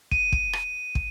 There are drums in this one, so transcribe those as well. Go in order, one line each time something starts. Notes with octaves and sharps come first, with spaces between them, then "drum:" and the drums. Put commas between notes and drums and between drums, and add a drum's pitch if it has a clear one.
D#7, drum: kick
drum: kick
drum: rim click
drum: kick